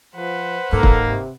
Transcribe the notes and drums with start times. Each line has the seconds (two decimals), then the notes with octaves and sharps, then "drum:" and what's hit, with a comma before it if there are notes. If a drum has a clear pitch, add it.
0.16 F3 B4 C5 F#5
0.73 G#2 D#3 A#3 A4
0.83 drum: kick
1.08 C3